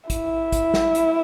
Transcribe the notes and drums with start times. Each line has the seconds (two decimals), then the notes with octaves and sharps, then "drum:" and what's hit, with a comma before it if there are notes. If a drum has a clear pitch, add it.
0.10 E4, drum: kick, hi-hat
0.52 drum: kick, hi-hat
0.74 drum: snare
0.95 drum: hi-hat